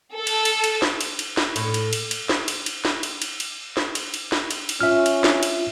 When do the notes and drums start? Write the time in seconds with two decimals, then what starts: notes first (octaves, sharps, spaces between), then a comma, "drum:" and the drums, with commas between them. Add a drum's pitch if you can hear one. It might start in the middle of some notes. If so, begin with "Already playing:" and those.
0.15 A4
0.27 drum: cymbal
0.45 drum: cymbal
0.64 drum: cymbal
0.82 drum: snare
1.01 drum: cymbal
1.19 drum: cymbal
1.37 drum: snare
1.56 A2, drum: cymbal
1.74 drum: cymbal
1.93 drum: cymbal
2.11 drum: cymbal
2.29 drum: snare
2.48 drum: cymbal
2.66 drum: cymbal
2.85 drum: snare
3.03 drum: cymbal
3.22 drum: cymbal
3.40 drum: cymbal
3.77 drum: snare
3.95 drum: cymbal
4.14 drum: cymbal
4.32 drum: snare
4.51 drum: cymbal
4.69 drum: cymbal
4.80 C#4 F4 E5 F6
5.06 drum: cymbal
5.24 drum: snare
5.43 drum: cymbal